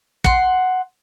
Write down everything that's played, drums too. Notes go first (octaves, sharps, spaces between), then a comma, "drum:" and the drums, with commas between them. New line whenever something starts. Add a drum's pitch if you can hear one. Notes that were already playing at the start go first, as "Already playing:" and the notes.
F#5 C6, drum: kick